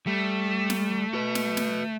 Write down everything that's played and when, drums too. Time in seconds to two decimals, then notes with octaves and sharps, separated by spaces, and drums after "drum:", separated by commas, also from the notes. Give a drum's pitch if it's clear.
0.07 G3 A3
0.70 drum: snare
1.13 F#4 B4
1.35 drum: snare
1.57 drum: snare